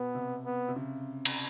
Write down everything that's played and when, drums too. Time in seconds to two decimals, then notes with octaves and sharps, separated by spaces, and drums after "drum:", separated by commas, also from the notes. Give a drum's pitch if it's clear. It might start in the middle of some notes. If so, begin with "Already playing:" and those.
Already playing: B2 B3
0.15 C3
0.45 B3
0.68 C3
0.76 C#3
1.25 drum: cymbal